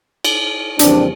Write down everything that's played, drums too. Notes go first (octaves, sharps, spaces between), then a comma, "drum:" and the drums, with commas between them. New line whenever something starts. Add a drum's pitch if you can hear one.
drum: cymbal
F2 C#3 E3 G3 A#3 C4 D4, drum: hi-hat